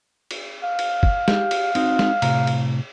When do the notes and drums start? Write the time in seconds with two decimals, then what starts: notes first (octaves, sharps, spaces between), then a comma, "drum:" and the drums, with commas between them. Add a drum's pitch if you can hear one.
0.31 drum: cymbal
0.64 F5
0.79 drum: cymbal
1.03 drum: kick
1.28 G4, drum: snare
1.51 drum: cymbal
1.75 C4 D#4 F#4, drum: cymbal
1.99 drum: snare
2.22 A2 C3 A#5, drum: cymbal
2.47 drum: cymbal